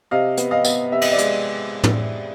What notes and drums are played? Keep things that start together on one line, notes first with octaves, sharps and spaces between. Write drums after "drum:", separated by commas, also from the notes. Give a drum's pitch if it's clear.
C3 D#5 F5
B3, drum: hi-hat
D#5 F5
B3, drum: tambourine
C3 E5
D#5, drum: cymbal
D5 E5
G#3, drum: hi-hat
drum: tom